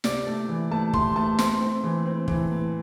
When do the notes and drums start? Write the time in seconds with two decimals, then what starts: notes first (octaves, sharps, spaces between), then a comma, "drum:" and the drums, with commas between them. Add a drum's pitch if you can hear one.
0.04 C3 D5, drum: snare
0.27 A3
0.49 E3
0.71 A3 A5
0.93 A3 C6, drum: kick
1.16 A3 A5
1.39 C4 C6, drum: snare
1.61 C4
1.84 E3
2.06 C4
2.28 E3, drum: kick
2.51 A2